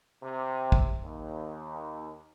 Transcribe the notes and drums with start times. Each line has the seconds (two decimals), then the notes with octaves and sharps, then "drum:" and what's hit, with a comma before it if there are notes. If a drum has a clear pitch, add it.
0.23 C3
0.72 drum: kick A1
1.03 D#2